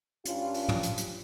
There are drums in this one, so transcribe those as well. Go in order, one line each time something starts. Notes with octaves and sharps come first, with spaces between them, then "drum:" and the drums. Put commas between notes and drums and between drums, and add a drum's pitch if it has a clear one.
G2 C#4 F4, drum: hi-hat
drum: open hi-hat
drum: tom
drum: hi-hat
drum: hi-hat